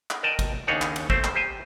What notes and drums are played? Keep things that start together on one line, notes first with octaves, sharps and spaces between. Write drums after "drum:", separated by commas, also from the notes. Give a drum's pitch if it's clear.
drum: clap
A#4 D5 D#5 G5 A5
drum: kick G#1, cymbal
D#2 C#3 D4 D#4 C#5 F#5
drum: clap
drum: cymbal
A3 C4 C5, drum: kick G#1
drum: clap
G4 C5 G#5